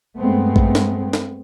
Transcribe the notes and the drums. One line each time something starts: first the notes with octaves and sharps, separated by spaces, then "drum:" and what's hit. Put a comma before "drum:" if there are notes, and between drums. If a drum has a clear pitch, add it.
G2 G#3 A3 B3 C4
drum: kick A1
drum: snare
drum: snare